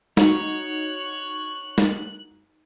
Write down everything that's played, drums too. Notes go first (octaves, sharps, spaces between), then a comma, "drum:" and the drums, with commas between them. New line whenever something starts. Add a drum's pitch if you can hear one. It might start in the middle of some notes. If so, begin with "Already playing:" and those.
D#4 F#4 C#5 F#6, drum: snare
drum: snare